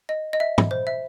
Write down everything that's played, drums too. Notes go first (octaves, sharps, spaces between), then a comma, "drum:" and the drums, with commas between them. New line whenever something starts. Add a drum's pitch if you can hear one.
D#5
D#5
E5
drum: tom
C5
E5